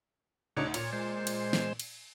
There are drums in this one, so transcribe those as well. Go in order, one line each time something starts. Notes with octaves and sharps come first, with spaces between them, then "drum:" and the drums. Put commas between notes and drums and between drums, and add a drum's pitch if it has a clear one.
D2 C#3 D4 D#4 C#5
A#2 C#5, drum: cymbal
G#3 C5
drum: cymbal
drum: snare
drum: cymbal